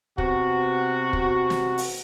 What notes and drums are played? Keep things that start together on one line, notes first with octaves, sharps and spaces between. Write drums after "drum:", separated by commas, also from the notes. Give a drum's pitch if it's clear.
C3 B3 F#4, drum: kick
drum: kick
drum: snare
drum: open hi-hat